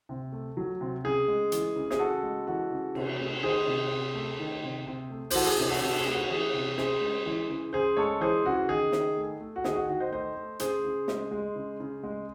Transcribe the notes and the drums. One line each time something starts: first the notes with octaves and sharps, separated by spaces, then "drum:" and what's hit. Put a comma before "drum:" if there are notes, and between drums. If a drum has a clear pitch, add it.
C3
A3
F#3
C3
C#3 G#4
G#3
E3, drum: hi-hat
C#3
G#4, drum: snare
C#3 F#4 A4
G#3
E3 F#4 A4
C#3
C3, drum: cymbal
A3
D#3 G#4 C5
C3
C3
A3
D#3
C3
C3
A3
C5, drum: open hi-hat
E3 F#4 A4
G#4
C3 G#4, drum: cymbal
F#4 A4
C3 F#4 A4
G#4
A3
F#4
E3 G#4
C3
C#3 G#4 C5, drum: snare
G#3
E3
C#3
C#3 G#4 C5
G#3 A4 C#5
E3 G#4 C5
C#3 F#4
D#3 G#4
D#3, drum: snare
A3
A3
F#4
D#3 G#4, drum: snare
F#4
D#3 F#4
C5 D#5
A3 C5 D#5
A3
C#3 G#4 C5, drum: hi-hat
C#3
G#3, drum: snare
G#3
C#3
C#3
G#3